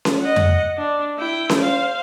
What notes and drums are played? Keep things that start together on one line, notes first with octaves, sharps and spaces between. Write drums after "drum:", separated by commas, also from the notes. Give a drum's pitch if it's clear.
drum: snare C#4
D#5 F#5
drum: tom F2
D4
E4 G5
drum: snare C#4
C5 F5